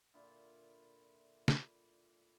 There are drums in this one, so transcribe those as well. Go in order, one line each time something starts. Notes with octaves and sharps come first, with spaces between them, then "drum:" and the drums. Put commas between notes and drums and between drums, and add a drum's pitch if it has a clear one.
A#2 D3 E4 F4
drum: snare